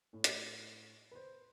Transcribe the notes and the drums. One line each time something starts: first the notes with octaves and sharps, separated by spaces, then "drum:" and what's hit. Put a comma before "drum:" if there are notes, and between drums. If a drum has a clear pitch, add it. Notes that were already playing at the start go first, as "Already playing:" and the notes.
A2
drum: hi-hat
B4 C5